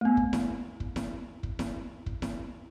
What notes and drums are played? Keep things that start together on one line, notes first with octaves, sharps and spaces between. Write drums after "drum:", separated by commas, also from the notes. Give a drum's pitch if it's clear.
A3 B3
drum: kick
drum: snare E4
drum: kick
drum: snare E4
drum: kick
drum: snare E4
drum: kick
drum: snare E4